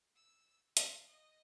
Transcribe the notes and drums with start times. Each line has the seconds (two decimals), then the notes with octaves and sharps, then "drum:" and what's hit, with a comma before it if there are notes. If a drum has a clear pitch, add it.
0.16 E6
0.77 F5, drum: hi-hat
1.08 D#5